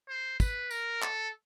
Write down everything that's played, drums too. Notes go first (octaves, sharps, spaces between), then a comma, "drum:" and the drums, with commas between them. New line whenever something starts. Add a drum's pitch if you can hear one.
C5
B4, drum: kick, tambourine
A#4, drum: tambourine
A4, drum: clap